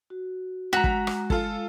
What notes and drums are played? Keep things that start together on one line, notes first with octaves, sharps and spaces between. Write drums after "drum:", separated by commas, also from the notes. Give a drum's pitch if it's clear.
F#4
G#3 F#4 A#5 B6
drum: kick
drum: rim click
F4 A4, drum: kick